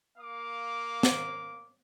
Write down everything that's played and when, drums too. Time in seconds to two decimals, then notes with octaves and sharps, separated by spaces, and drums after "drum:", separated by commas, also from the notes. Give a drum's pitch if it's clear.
0.18 A#3 F5 D6
1.03 drum: snare